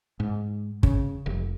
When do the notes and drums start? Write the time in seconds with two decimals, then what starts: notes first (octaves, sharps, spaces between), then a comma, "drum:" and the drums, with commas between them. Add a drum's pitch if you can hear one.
0.20 G#2
0.83 C#3, drum: kick
1.26 F1